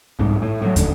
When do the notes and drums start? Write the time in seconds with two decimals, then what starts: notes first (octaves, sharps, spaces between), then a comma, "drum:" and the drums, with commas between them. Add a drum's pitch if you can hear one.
0.19 C2 G#2
0.42 A2
0.62 A2 F#3
0.76 D#2 D3, drum: kick, hi-hat